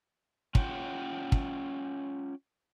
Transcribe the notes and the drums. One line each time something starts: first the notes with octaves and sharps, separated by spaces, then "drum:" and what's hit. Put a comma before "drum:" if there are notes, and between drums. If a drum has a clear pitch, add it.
C#4 F4 C#5 F#5 G5, drum: kick
drum: kick